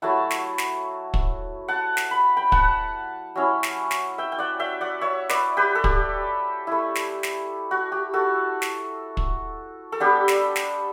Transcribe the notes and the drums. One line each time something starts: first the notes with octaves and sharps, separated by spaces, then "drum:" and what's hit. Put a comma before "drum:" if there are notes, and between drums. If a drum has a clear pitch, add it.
F#3 A3 E4 F#5 A5
drum: snare
drum: snare
drum: kick
F#5 A5
drum: snare
B5
G5 B5
F#5 A5, drum: kick
F#3 C#4 E4
drum: snare
drum: snare
E5 G5
G5
D5 F#5
E5 G5
D5 F#5
C#5 E5
B4 D5, drum: snare
G4 B4
A4
G4, drum: kick
A3 E4
drum: snare
drum: snare
F#4
G4
F#4 A4
drum: snare
drum: kick
A4
G3 B3 D4 G4
drum: snare
drum: snare